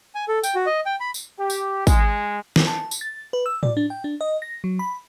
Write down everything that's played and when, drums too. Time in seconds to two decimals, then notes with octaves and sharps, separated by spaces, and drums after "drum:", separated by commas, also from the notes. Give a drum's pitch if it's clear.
0.15 G#5
0.28 A4
0.44 G5, drum: tambourine
0.55 F#4
0.66 D#5
0.86 G5
1.00 B5
1.14 drum: tambourine
1.38 G4
1.50 drum: tambourine
1.87 G#3, drum: kick, tambourine
2.56 drum: snare
2.67 A5
2.91 drum: tambourine
3.01 A6
3.33 B4
3.46 E6
3.63 D5, drum: tom A2
3.77 D4
3.90 G5
4.04 D4
4.21 D#5
4.42 A#6
4.64 F#3
4.79 B5